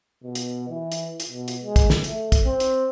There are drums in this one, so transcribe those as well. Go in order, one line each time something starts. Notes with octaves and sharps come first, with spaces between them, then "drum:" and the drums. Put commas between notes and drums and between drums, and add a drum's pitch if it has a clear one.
B2
drum: hi-hat
E3
drum: hi-hat
drum: hi-hat
B2
drum: hi-hat
G#3
drum: kick, hi-hat
drum: snare
A3, drum: hi-hat
drum: kick, hi-hat
C4
drum: hi-hat